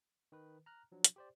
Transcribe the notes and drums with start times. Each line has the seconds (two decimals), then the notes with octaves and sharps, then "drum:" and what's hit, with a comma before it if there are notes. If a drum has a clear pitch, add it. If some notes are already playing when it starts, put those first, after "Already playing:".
0.32 D#3 B4
0.66 A#5 F6 F#6
0.92 F3 F#3 D4
1.04 drum: hi-hat
1.16 G4 C5 D5